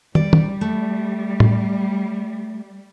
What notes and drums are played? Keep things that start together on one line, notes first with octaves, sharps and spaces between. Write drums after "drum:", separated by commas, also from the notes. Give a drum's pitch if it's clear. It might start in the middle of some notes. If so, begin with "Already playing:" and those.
G3 D5, drum: tom
drum: tom
A3
drum: tom A2